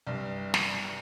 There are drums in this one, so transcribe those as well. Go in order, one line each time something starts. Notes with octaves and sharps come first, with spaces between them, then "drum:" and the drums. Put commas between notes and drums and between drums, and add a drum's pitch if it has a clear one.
C2 G2
drum: snare